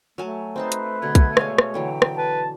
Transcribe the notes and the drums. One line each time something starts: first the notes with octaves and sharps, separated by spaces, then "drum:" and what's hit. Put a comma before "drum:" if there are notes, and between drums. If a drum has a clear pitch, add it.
F#3 A3 G#5 A5
C4 D#4 B4 C5 A5
drum: hi-hat
B2 D3 G#6
drum: kick B1, hi-hat
G#3 C#5 F5 G#5, drum: rim click
drum: rim click
D3 E3 F#3 G5
drum: rim click
B4 A5